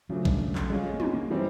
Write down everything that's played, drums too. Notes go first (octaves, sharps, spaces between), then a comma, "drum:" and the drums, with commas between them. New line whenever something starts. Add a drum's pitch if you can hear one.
C#3 F3 F#3 A3 D4
G3, drum: kick A#1
F#3
G3
F#3, drum: clap
G3 G#3 C#4 F4
A#3
B3, drum: tom
A#3
E3 G3 C4 D#4